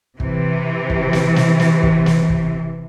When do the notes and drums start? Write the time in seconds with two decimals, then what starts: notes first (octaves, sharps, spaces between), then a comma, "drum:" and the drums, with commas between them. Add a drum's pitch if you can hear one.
0.20 C3 E3, drum: kick
0.90 drum: kick
1.13 drum: snare
1.36 drum: snare
1.60 drum: snare
1.83 drum: kick
2.06 drum: snare
2.29 drum: kick